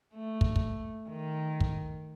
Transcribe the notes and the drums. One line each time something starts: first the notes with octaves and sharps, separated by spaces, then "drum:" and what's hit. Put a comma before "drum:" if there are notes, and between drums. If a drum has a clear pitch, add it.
A3
drum: kick
drum: kick
D#3
drum: kick